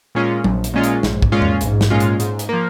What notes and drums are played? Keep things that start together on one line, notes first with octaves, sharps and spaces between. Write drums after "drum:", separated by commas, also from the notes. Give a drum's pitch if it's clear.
A#2 G#3 C#4 F4
A#1, drum: tom F#3
drum: hi-hat
A#2 G#3 C#4 F4
drum: hi-hat
A#1 G#2, drum: snare
drum: kick
A#2 G#3 C#4 F4
drum: tom E2
A#1 G#2, drum: hi-hat
drum: snare
A#2 G#3 C#4 F4
drum: hi-hat
G#2, drum: hi-hat
drum: hi-hat
F3 A#3